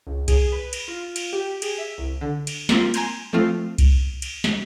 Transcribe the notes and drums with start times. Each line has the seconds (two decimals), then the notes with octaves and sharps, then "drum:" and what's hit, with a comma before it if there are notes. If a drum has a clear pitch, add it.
0.07 C#2
0.28 G#4, drum: kick C2, cymbal
0.52 B4
0.73 A#6, drum: cymbal
0.88 F4
1.16 drum: cymbal
1.33 G4
1.62 G#4, drum: cymbal
1.78 E5
1.98 C2
2.21 D3
2.47 drum: cymbal
2.69 A#3 C4 F4, drum: snare
2.94 G#5 A#5 C6 G6 G#6, drum: cymbal
3.33 F3 A3 C4 F4 F6
3.78 drum: kick C2, cymbal
4.22 drum: cymbal
4.44 drum: snare